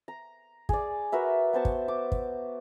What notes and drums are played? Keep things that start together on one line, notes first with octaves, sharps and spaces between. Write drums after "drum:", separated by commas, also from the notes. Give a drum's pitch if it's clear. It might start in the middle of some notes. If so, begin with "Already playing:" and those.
A#5
G#4 D5, drum: kick
F#4 A#4 B4 E5
B3 C5 A5 C#6
drum: kick
D6
drum: kick